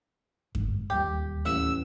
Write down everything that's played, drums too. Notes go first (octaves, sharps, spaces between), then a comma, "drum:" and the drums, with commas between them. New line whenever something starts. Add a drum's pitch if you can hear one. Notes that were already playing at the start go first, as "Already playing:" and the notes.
G1 G#2, drum: kick F#2
D1 D#2 G3 G4
A1 F#5 E6